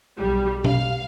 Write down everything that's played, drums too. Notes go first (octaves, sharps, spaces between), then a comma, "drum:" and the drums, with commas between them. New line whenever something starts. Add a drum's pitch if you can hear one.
B1 G3
F5, drum: tom B2